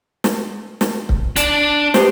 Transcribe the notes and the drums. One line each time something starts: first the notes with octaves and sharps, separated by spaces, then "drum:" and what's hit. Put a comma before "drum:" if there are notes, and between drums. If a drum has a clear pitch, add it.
drum: snare
drum: snare
drum: kick C#1
D4 D5, drum: hi-hat
B3 G4 C5, drum: snare